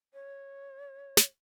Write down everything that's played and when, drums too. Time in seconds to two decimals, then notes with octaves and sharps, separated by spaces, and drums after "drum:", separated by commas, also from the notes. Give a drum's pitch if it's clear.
0.14 C#5
1.17 drum: snare